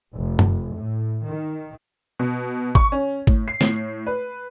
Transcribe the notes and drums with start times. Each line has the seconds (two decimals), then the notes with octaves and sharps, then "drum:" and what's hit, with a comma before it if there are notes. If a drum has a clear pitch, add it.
0.13 F1
0.39 drum: tom F#2
0.74 A2
1.25 D#3
2.19 B2
2.75 C#6, drum: kick
2.92 C#4
3.27 A2, drum: kick
3.48 C7
3.61 A2, drum: snare
4.07 B4